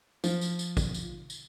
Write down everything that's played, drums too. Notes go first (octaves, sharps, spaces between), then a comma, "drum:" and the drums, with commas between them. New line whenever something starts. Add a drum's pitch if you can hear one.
F3, drum: tambourine
drum: tambourine
drum: tambourine
drum: kick, tambourine
drum: tambourine
drum: tambourine